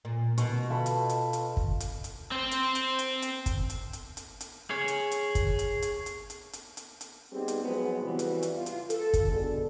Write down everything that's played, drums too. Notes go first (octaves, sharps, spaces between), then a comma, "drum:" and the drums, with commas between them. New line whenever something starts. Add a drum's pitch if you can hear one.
A#2
B2 C#6, drum: hi-hat
F4 A4 B5
drum: hi-hat
drum: hi-hat
drum: hi-hat
drum: kick
drum: hi-hat
drum: hi-hat
C4 C5
drum: hi-hat
drum: hi-hat
drum: hi-hat
drum: hi-hat
drum: kick, hi-hat
drum: hi-hat
drum: hi-hat
drum: hi-hat
drum: hi-hat
G#4 C#5
drum: hi-hat
drum: hi-hat
drum: kick, hi-hat
drum: hi-hat
drum: hi-hat
drum: hi-hat
drum: hi-hat
drum: hi-hat
drum: hi-hat
drum: hi-hat
G3 B3 C4 D#4 G4 G#4
drum: hi-hat
F3 F#3 G#3 B3
F2 C#3 E3 G3 B3 F#4
drum: hi-hat
drum: hi-hat
F4
drum: hi-hat
A4, drum: hi-hat
drum: kick, hi-hat
B2 D3 G#3 D4 A4